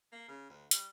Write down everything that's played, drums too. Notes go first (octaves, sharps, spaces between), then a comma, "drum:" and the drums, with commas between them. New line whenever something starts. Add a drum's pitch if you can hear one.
A#3
C#3
D2
G3, drum: hi-hat